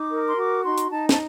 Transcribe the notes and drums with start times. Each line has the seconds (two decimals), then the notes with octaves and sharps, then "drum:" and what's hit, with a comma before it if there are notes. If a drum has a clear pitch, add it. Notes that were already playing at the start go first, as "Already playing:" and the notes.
Already playing: D#4 D6
0.11 A#4
0.28 C6
0.37 F#4 D6
0.64 D#4 C6
0.78 drum: hi-hat
0.90 D#4 A5
1.09 A5, drum: snare